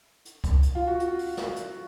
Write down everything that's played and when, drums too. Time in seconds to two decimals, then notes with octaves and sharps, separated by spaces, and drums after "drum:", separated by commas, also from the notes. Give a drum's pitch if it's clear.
0.25 drum: hi-hat
0.44 drum: kick C#2, hi-hat
0.63 drum: hi-hat
0.75 F4
0.87 F#4
1.00 F#4, drum: hi-hat
1.19 drum: open hi-hat
1.37 drum: snare
1.56 drum: hi-hat